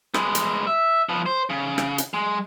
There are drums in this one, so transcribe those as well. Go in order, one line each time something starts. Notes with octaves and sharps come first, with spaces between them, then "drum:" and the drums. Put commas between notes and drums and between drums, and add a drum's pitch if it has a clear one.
G#3 B3, drum: rim click
drum: hi-hat
E5
F3 B3
C5
C#3
drum: rim click
drum: hi-hat
G#3